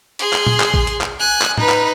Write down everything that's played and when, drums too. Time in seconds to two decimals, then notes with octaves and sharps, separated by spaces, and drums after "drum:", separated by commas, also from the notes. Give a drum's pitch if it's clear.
0.19 G#4 C6, drum: hi-hat
0.33 drum: clap
0.47 drum: tom
0.60 drum: clap
0.74 drum: kick
0.87 drum: hi-hat
1.01 drum: clap
1.20 G#5 F#6
1.42 drum: clap
1.58 D#4 B4, drum: tom
1.69 drum: clap